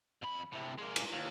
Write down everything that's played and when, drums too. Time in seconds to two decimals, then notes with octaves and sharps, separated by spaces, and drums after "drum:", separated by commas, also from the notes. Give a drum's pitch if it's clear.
0.23 F2 B5
0.53 A2 C3
0.78 G#3 A#3
0.96 drum: cymbal
1.13 D#2